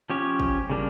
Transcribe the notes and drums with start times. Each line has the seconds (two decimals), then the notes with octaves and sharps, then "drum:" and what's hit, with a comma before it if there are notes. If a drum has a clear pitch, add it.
0.10 F3 C#4 G4 C#5
0.40 drum: kick
0.70 C#3 G3 A#3 D4